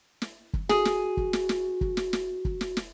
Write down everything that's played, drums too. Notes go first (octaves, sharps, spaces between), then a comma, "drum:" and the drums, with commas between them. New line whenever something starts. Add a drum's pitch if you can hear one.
drum: snare
drum: kick
F#4 G#4, drum: snare
drum: snare
drum: kick
drum: snare
drum: snare
drum: kick
drum: snare
drum: snare
drum: kick
drum: snare
drum: snare